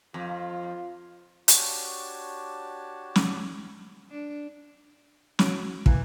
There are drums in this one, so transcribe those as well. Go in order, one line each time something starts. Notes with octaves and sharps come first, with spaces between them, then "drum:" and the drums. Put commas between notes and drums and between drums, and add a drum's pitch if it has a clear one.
F2 F4
D4 F#4 G4 C#5 A5, drum: hi-hat
drum: snare
D4
F#4 C#5 D7, drum: snare
E3 A#3, drum: kick